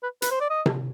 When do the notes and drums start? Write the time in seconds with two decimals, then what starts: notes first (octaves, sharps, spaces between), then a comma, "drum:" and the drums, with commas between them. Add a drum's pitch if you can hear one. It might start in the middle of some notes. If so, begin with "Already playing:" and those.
0.03 B4
0.22 B4, drum: hi-hat
0.31 C5
0.40 D5
0.50 D#5
0.66 drum: tom C3